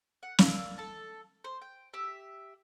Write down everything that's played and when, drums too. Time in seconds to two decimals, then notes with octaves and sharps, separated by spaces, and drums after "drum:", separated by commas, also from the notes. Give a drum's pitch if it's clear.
0.23 F#5
0.39 A#3 D5 F5 E6, drum: snare
0.78 A4 A5
1.44 C5
1.61 G5
1.93 G4 E5